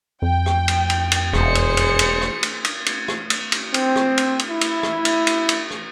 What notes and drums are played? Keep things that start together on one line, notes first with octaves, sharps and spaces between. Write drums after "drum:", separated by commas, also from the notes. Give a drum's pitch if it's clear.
F2 G5
drum: rim click
drum: cymbal
drum: cymbal
drum: cymbal
E1 G#4 C5 C#7, drum: rim click
drum: cymbal
drum: cymbal
drum: cymbal
drum: rim click
drum: cymbal
drum: cymbal
drum: cymbal
drum: rim click
drum: cymbal
drum: cymbal
C4, drum: cymbal
drum: rim click
drum: cymbal
drum: cymbal
E4
drum: cymbal
drum: rim click
drum: cymbal
drum: cymbal
drum: cymbal
drum: rim click